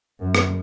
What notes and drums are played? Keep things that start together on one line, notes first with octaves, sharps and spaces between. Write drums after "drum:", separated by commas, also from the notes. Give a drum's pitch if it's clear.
F#2
drum: rim click